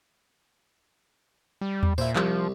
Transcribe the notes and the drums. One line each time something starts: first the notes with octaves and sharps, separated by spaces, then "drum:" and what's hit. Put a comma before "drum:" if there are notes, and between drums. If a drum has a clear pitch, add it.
G3
drum: tom E2
A#2 E4 C5
C2 F3, drum: clap